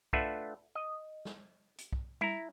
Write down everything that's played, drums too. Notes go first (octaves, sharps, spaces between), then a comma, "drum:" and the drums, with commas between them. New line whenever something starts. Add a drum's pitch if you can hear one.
A3 D4 F4 B4 E5 F#5, drum: kick
D#5
drum: snare
drum: hi-hat
drum: kick
E4 A#5, drum: tom G3